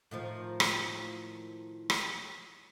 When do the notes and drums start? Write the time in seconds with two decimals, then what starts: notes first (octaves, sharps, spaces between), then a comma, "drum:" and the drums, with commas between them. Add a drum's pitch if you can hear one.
0.11 A2 D#3 F3
0.60 drum: rim click
1.90 drum: rim click